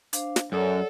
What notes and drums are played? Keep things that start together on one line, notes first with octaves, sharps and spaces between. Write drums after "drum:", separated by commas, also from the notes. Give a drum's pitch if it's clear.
D4 C5 F5, drum: hi-hat
drum: snare
F#2 A4 C#5 D5 F#5